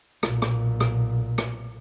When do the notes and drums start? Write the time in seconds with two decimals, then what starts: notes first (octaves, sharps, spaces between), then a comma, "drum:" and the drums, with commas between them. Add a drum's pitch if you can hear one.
0.23 B1 A#2, drum: rim click
0.42 drum: rim click
0.80 drum: rim click
1.38 drum: rim click